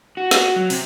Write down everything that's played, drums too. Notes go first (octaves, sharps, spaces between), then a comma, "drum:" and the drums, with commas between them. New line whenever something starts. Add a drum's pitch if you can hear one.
F#4
drum: snare
F#3
C3, drum: open hi-hat